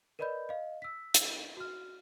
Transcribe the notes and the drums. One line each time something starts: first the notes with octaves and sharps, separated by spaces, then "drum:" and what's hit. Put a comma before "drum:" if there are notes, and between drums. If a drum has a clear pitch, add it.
A#4 B4 D5 D#5 B5 G6
D#5 F5
E6 B6
drum: hi-hat
F#4 F6